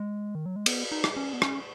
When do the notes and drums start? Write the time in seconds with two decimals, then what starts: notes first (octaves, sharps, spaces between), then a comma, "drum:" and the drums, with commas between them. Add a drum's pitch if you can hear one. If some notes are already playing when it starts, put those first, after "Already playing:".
Already playing: G#3
0.35 D#3
0.46 F#3
0.56 G#3
0.66 B3, drum: cymbal
0.92 D#4
1.04 drum: rim click
1.16 C#4
1.33 B3
1.42 C#4, drum: rim click